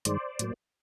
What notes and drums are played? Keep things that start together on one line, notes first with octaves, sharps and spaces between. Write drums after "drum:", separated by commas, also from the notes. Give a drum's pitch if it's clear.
G2 D#3 G#3 C5 D5, drum: hi-hat
A2 F#3 A#3, drum: hi-hat